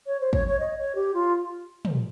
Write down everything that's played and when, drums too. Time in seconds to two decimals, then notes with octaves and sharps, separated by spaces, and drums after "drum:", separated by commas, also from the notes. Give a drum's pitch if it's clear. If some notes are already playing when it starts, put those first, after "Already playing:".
0.07 C#5
0.20 C5
0.33 C#5, drum: kick
0.47 C#5
0.59 D#5
0.78 C#5
0.95 G4
1.14 F4
1.85 drum: tom